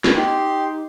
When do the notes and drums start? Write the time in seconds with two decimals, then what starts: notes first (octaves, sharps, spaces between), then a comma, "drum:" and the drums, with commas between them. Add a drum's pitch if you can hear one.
0.04 drum: snare
0.15 D#4 G4 C6